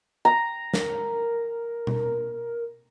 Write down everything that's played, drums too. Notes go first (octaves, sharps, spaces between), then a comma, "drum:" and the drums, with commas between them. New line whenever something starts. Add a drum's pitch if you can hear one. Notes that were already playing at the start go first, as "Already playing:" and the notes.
A#5
A#4, drum: snare
drum: tom B2